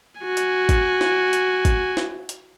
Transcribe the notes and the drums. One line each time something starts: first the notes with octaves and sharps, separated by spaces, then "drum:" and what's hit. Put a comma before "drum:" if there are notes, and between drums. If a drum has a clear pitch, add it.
F#4 G#5
drum: hi-hat
drum: kick, hi-hat
drum: snare
drum: hi-hat
drum: kick, hi-hat
drum: snare
drum: hi-hat